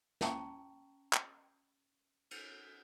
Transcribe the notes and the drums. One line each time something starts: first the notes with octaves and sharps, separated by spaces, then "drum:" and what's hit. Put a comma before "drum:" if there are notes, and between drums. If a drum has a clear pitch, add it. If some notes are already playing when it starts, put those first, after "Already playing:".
C#4 G5 A5 A#5 C#6, drum: snare
drum: clap
drum: cymbal